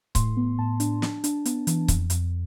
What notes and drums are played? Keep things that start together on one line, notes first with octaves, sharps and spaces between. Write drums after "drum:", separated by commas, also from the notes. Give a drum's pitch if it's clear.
A2 C6, drum: kick C#1, hi-hat
B3
A2 A5
D4, drum: hi-hat
D4, drum: snare
D4, drum: hi-hat
B3, drum: hi-hat
E3, drum: hi-hat
F2, drum: kick C#1, hi-hat
F2, drum: hi-hat